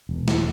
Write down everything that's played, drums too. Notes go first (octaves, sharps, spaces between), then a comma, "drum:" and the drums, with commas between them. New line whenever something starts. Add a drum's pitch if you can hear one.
E1
drum: snare